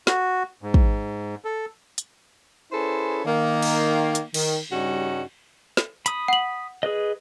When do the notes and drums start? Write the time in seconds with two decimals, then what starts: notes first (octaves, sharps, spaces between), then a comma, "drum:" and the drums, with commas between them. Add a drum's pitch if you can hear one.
0.07 F#4, drum: snare
0.62 G#2
0.74 drum: kick
1.45 A4
1.98 drum: hi-hat
2.72 C#4 E4 G#4 A4 B4 C5
3.25 D#3 A#3
3.62 drum: cymbal
4.15 drum: hi-hat
4.34 D#3, drum: cymbal
4.71 G2 C#3 G3 C#4 D#4 F#4
5.77 drum: snare
6.06 B5 D#6, drum: hi-hat
6.28 F#5 F#7
6.83 G#4 B4 D#5